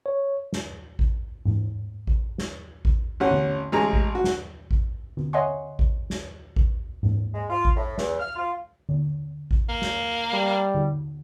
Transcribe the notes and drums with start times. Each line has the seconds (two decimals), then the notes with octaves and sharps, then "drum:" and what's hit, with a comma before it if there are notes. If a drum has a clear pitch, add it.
0.06 C#5
0.53 drum: snare
0.99 drum: kick A1
1.45 drum: tom G#2
2.07 drum: kick A1
2.38 drum: snare
2.85 drum: kick A1
3.20 A1 C#4 F#5
3.31 drum: tom D3
3.72 A1 G#3 G#4 A#5
3.93 drum: kick A1
4.15 F#4
4.24 drum: snare
4.71 drum: kick A1
5.17 drum: tom D3
5.33 C#5 D#5 E5 F#5 G#5 C6
5.79 drum: kick A1
6.10 drum: snare
6.56 drum: kick A1
7.03 drum: tom G#2
7.34 G#3
7.50 F4
7.65 drum: kick A1
7.76 A2
7.98 E2, drum: snare
8.20 F6
8.36 F4
8.89 drum: tom D3
9.51 drum: kick A1
9.69 A#3
9.82 drum: snare
10.33 G3
10.75 drum: tom D3